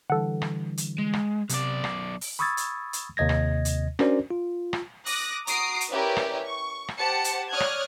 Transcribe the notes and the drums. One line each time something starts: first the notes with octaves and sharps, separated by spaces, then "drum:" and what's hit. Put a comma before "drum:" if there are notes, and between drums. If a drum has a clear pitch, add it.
D3 E3 G3 A4 F#5
drum: rim click
drum: hi-hat
G#3
drum: rim click
B1 C3 D5, drum: hi-hat
C7, drum: rim click
drum: open hi-hat
B5 C#6 D#6 E6 G#6 A6
drum: hi-hat
drum: hi-hat
D#2 C3 D#5 G#6 A#6
drum: rim click
drum: hi-hat
C#4 D4 F#4 A#4 C5 D5, drum: rim click
F4
drum: rim click
D6 D#6 F#6 A#6, drum: open hi-hat
F#4 A#5 D#6 C7 D7, drum: hi-hat
drum: hi-hat
C#4 E4 G4 A#4 B4 D5
drum: rim click
C#6
drum: rim click
G4 C5 F#5 A5 C#7
drum: hi-hat
C#5 D5 D#6 F6 F#6 G#6
drum: rim click